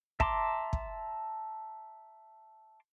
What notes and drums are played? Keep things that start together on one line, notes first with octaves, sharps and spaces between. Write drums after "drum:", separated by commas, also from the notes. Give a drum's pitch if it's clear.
E5 A5 A#5 C6 D6, drum: kick
drum: kick